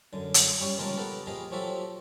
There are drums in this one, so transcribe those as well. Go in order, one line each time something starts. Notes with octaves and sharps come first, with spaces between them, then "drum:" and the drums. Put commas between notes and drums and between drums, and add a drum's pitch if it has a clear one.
F#2 D3
drum: hi-hat
G3 C#4 G4 G#5
A#1 C#3 G#3 A#4 G5 A5
B3 G4 A4 A#4 F#5
A#1 G4 G#4 D#5 F5
F3 F#3 C4 G4 A4 E5